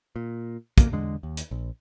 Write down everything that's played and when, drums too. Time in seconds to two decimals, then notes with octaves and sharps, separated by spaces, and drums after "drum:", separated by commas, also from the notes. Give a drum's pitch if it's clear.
0.16 A#2
0.78 A#3, drum: kick, hi-hat
0.93 E2 D3 G#3
1.23 D#2
1.37 drum: hi-hat
1.51 A#1